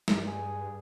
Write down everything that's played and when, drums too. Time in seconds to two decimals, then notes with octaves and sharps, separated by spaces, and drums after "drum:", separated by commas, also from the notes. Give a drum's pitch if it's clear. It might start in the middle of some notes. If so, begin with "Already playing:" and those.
0.08 G2, drum: snare
0.27 G#4